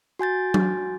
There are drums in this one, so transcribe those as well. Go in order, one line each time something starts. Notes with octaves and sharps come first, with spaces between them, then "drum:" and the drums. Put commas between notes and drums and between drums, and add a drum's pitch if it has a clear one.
F#4 G#5 G6 A6
drum: tom F#3